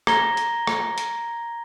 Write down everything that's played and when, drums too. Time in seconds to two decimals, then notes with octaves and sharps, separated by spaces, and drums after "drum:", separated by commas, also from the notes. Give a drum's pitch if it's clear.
0.07 A#5 G#6 A#6 G7, drum: rim click
0.37 drum: hi-hat
0.67 drum: rim click
0.98 drum: hi-hat